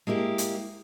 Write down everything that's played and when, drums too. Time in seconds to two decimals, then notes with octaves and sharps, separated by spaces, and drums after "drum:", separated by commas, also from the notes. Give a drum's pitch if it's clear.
0.07 G#3 A#3 E4 G4
0.38 drum: hi-hat